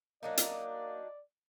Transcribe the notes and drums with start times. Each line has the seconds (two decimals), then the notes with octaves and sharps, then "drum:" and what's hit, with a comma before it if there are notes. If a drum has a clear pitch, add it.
0.23 F#3 A#3 D4 D#4 D5
0.37 drum: hi-hat